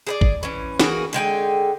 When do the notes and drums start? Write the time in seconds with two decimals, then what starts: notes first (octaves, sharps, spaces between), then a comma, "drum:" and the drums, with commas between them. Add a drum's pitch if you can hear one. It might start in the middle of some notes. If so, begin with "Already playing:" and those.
0.07 G#4 B4 D5
0.21 drum: kick G#1
0.43 E3 C#4
0.80 E3 A#3 F#4 G#4, drum: snare
1.13 D3 G#3 G5 G#5